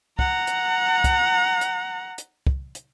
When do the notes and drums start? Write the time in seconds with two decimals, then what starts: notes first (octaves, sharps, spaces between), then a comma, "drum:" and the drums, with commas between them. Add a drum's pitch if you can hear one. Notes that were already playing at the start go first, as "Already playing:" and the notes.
0.19 F#5 A#5, drum: kick
0.47 drum: hi-hat
1.04 drum: kick, hi-hat
1.61 drum: hi-hat
2.18 drum: hi-hat
2.47 drum: kick
2.75 drum: hi-hat